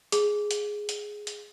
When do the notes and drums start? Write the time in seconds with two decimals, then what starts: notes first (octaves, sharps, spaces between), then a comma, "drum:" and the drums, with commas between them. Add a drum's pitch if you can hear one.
0.12 G#4, drum: hi-hat
0.51 drum: hi-hat
0.89 drum: hi-hat
1.27 drum: hi-hat